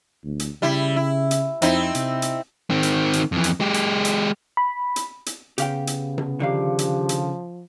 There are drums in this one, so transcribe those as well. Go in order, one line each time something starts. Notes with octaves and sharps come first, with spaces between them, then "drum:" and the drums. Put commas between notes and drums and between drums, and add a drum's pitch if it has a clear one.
D2
drum: hi-hat
C#3 G3 E4
E4
drum: hi-hat
F2 C4 D#4 E4, drum: hi-hat
C3, drum: hi-hat
drum: hi-hat
D#3 C4
drum: hi-hat
drum: hi-hat
F2 E3
drum: hi-hat
G#3 G4
drum: hi-hat
drum: hi-hat
B5
drum: hi-hat
drum: hi-hat
C#3 B3 G4 F5 G5, drum: hi-hat
drum: hi-hat
drum: tom C3
D3 D#3 F3 G4 F5
drum: hi-hat
drum: hi-hat